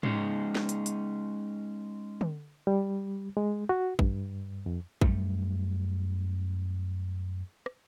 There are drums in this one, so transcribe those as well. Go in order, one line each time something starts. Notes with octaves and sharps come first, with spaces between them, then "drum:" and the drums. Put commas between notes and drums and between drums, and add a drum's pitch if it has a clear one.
G#3 C#4 D#4, drum: tom G#2
drum: snare
drum: hi-hat
drum: hi-hat
drum: tom D3
G3
G#3
F#4
G2, drum: kick A1
F2
F#2 G3 A3, drum: kick A1
drum: rim click